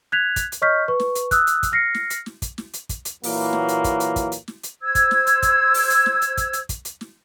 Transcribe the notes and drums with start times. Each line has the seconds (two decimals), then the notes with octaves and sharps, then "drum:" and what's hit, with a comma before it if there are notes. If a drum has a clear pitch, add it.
0.12 F#6 G#6 B6 F7
0.36 drum: kick, hi-hat
0.52 drum: hi-hat
0.62 C#5 D#5 C#6 F6 G6 B6
0.88 B4 C#6
1.00 drum: snare
1.15 drum: hi-hat
1.31 D#6 E6 F#6, drum: kick, hi-hat
1.47 drum: hi-hat
1.63 drum: kick, hi-hat
1.72 F6 A#6 C7 C#7
1.94 drum: snare
2.10 drum: hi-hat
2.26 drum: snare
2.42 drum: kick, hi-hat
2.58 drum: snare
2.74 drum: hi-hat
2.89 drum: kick, hi-hat
3.05 drum: hi-hat
3.23 A#2 E3 F#3 A#3, drum: open hi-hat
3.53 drum: snare
3.69 drum: hi-hat
3.84 drum: kick, hi-hat
4.00 drum: hi-hat
4.16 drum: kick, hi-hat
4.32 drum: hi-hat
4.48 drum: snare
4.63 drum: hi-hat
4.83 C5 E6 G#6
4.95 drum: kick, hi-hat
5.11 drum: snare
5.27 drum: hi-hat
5.43 drum: kick, hi-hat
5.74 drum: open hi-hat
5.90 drum: hi-hat
6.06 drum: snare
6.22 drum: hi-hat
6.38 drum: kick, hi-hat
6.53 drum: hi-hat
6.69 drum: kick, hi-hat
6.85 drum: hi-hat
7.01 drum: snare